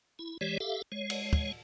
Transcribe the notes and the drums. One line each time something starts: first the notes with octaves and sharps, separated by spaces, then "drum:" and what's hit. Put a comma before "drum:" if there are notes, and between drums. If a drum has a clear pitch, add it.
E4
E3 G#3 G4 C#5 D5
G4 A4 E5 F5
G#3 C#5
drum: cymbal
drum: kick